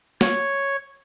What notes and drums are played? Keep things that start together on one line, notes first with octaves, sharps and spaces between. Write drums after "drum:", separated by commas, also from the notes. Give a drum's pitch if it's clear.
C#5, drum: snare